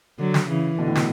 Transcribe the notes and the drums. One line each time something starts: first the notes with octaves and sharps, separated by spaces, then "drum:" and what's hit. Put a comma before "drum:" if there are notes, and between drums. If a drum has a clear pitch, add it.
D3 F#3
drum: snare
C#3 E3
B2 D3
A2
B2, drum: snare